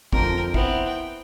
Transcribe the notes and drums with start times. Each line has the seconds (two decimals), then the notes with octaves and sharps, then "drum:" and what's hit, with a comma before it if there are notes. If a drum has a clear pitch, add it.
0.13 F2 D3 F3 A#4 G5, drum: kick
0.54 B3 C4 E4, drum: kick
0.88 G5